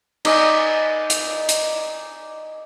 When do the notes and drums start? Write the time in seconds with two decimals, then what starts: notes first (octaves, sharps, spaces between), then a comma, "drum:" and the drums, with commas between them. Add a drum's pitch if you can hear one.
0.25 D#4 D5 D#5 G#5, drum: cymbal
1.10 drum: hi-hat
1.49 drum: hi-hat